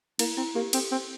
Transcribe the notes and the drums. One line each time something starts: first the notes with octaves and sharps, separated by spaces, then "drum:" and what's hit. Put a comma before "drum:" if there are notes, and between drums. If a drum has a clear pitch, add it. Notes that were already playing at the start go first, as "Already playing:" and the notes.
A#3 E4, drum: cymbal
C4 E4
A#3 G4
C4 A4, drum: cymbal
C4